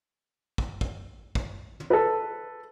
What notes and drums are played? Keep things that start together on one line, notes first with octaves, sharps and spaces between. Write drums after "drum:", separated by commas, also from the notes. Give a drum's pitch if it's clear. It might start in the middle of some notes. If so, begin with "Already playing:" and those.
drum: kick
drum: kick
drum: kick
drum: tom
A4 B4